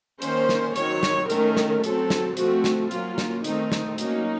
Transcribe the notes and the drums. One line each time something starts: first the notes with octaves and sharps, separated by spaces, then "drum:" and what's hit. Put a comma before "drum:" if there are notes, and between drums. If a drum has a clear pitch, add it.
D#3 A#3 C#4 C5, drum: hi-hat
drum: snare
D#3 F#3 C4 C#5, drum: hi-hat
drum: snare
D#3 A3 C#4 A#4, drum: hi-hat
drum: snare
F#3 C4 A4, drum: hi-hat
drum: snare
F3 A3 C4 F#4, drum: hi-hat
drum: snare
F#3 A#3 C#4 F4, drum: hi-hat
drum: snare
D#3 A3 C4 D#4, drum: hi-hat
drum: snare
F#3 A#3 C#4 D#4, drum: hi-hat